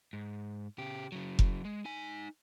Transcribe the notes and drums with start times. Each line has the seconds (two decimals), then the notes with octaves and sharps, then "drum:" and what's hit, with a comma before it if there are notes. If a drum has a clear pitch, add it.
0.13 G#2
0.79 C#3 G4
1.12 C#3 F#3
1.39 drum: kick F1
1.65 G#3
1.85 D#4 G#5